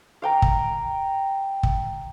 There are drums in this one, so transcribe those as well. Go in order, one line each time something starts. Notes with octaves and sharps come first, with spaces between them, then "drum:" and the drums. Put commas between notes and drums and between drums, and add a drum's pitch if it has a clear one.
F5 G5 A#5
drum: kick
drum: kick